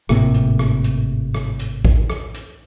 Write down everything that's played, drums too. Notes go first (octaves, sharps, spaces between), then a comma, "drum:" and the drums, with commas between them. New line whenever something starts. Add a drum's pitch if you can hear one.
G#1 A2 C3 A#3, drum: rim click
drum: hi-hat
drum: rim click
drum: hi-hat
drum: rim click
drum: hi-hat
drum: kick A1
drum: rim click
drum: hi-hat